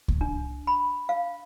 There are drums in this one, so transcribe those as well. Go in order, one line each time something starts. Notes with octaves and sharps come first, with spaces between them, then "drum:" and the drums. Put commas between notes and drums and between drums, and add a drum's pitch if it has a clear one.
drum: kick C#2
D4
B5
F5